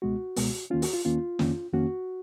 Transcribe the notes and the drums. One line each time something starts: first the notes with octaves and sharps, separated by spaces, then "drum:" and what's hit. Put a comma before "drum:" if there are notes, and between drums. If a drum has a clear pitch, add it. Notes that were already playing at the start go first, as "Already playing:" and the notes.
C#2 B2 G#3 B3 F#4
C#2 B2 G#3 B3, drum: open hi-hat
D#2 D#3 A#3 C#4 F4
F#4, drum: open hi-hat
F4
D#2 D#3 A#3 C#4 F4
F2 D#3 A#3 C#4, drum: snare
F2 D#3 A#3 C#4 F#4